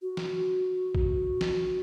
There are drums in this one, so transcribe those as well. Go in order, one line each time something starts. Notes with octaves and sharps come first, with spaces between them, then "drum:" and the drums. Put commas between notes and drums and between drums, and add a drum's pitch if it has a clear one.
F#4
drum: snare
drum: kick
drum: snare